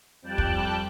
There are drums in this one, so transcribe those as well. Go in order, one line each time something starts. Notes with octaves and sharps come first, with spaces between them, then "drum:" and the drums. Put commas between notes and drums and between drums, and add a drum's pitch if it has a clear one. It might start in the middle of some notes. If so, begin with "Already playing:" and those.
F2 G3 G5 A5 F#6
drum: kick